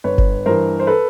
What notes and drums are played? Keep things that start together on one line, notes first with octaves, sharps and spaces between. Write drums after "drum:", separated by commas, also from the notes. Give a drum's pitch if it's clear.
G1 B4 C#5
drum: kick F#1
G2 E3 A#4 C5
C5
A4 B4